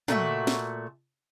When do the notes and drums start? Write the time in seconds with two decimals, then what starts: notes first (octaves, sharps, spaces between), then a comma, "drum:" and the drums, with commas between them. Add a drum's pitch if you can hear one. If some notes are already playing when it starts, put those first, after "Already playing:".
0.08 A#2 A3 F#4 E5, drum: tom
0.47 drum: snare